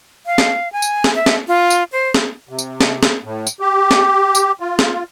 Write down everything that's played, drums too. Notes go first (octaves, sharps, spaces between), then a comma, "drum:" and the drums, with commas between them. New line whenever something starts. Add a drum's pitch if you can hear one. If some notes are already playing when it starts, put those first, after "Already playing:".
F5
drum: snare
G#5
drum: tambourine
drum: snare
E5
drum: snare
F4
drum: tambourine
C5
drum: snare
C3
drum: tambourine
drum: snare
drum: snare
A2
drum: tambourine
G4
drum: snare
drum: tambourine
F4
drum: snare